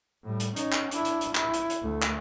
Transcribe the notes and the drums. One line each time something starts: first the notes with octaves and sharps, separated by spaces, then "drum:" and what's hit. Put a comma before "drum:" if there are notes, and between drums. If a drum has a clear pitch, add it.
A2 G3
drum: hi-hat
C#4 D#4, drum: hi-hat
drum: clap
D4 E4, drum: hi-hat
drum: hi-hat
drum: hi-hat
E4, drum: clap
drum: hi-hat
drum: hi-hat
D2 A3
drum: clap